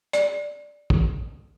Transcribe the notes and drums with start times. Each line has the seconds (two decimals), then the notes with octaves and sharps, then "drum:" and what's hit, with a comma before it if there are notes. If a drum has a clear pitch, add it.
0.13 D5, drum: hi-hat
0.90 drum: kick